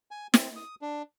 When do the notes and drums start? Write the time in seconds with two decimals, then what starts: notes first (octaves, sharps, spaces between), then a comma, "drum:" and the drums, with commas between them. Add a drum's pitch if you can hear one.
0.11 G#5
0.34 C4, drum: snare
0.56 D#6
0.82 D4